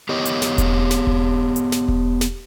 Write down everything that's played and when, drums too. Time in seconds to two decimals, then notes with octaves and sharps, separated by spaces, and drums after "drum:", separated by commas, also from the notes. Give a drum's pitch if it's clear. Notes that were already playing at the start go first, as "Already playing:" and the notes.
0.09 B3 G4 C#5 D#5
0.25 drum: hi-hat
0.42 drum: snare
0.58 drum: kick E1, hi-hat
0.91 drum: snare
1.07 drum: kick E1
1.56 drum: hi-hat
1.72 drum: snare
1.88 drum: kick E1
2.21 drum: snare